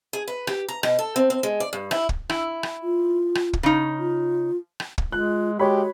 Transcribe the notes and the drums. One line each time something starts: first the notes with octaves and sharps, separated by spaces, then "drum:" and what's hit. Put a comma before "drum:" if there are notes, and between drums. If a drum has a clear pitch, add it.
G#4
B4
G4, drum: rim click
A#5
B2, drum: rim click
A4
C4
C4
G#3
D5
G2
E4, drum: rim click
drum: kick
E4, drum: rim click
drum: rim click
F4
drum: rim click
drum: kick
C#3 D#4
F4
drum: rim click
drum: kick
G#3 F4 F#6
G#3 F#4 G4 C#5 B5